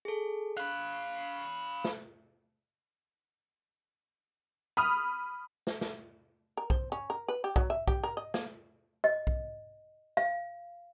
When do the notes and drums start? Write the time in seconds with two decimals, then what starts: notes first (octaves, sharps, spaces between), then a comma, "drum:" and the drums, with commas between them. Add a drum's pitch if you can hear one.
0.05 G#4 A4
0.57 F5 B5 F#6, drum: hi-hat
1.84 drum: snare
4.77 B5 D#6 F6
5.67 drum: snare
5.81 drum: snare
6.57 A#4
6.70 C5, drum: kick B1
6.92 C#4
7.10 A#4
7.28 B4
7.44 G4
7.56 F#3, drum: kick B1
7.70 E5
7.88 G4, drum: kick B1
8.04 A#4
8.17 D#5
8.34 A#3, drum: snare
9.04 D#5
9.27 drum: kick B1
10.17 F5